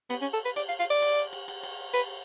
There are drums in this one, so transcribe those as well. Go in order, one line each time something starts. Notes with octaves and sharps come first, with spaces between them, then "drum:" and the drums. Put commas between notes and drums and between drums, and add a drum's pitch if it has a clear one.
B3, drum: cymbal
C#4
A4
B4
D5, drum: cymbal
F5
F5
D5
drum: cymbal
drum: cymbal
drum: cymbal
drum: cymbal
B4, drum: cymbal